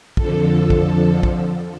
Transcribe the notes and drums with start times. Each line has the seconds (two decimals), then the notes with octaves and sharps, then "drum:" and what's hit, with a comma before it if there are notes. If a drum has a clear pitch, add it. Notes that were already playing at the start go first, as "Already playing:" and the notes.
0.17 F2 D3 F3 A4, drum: kick
0.70 drum: kick
1.23 drum: kick